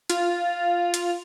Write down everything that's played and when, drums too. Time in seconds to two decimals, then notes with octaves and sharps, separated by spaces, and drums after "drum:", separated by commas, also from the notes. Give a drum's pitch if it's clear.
0.10 F4, drum: hi-hat
0.94 drum: hi-hat